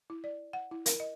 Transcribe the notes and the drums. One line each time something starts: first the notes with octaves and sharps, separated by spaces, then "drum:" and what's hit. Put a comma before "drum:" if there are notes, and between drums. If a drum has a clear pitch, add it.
E4
D5
F#5
E4
A#4, drum: hi-hat
D#5